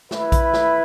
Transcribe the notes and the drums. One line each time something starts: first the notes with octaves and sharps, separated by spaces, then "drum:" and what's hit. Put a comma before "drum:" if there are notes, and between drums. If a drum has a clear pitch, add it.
E4 B4 E5, drum: snare
drum: kick A#1, hi-hat
drum: snare